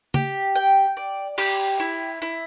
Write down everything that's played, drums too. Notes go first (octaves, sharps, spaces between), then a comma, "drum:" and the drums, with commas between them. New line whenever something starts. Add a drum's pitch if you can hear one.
G4, drum: tom C#3
G5
D5
G4, drum: cymbal
E4
E4